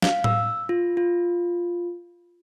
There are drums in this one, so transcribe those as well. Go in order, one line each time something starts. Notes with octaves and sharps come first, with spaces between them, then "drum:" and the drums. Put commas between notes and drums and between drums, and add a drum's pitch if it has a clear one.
F5, drum: snare
E6, drum: tom A2
F4
F4